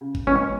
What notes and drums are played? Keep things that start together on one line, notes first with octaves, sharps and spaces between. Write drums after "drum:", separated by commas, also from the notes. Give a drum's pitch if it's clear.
C#3
drum: kick G1
E3 G#3 B3 C#4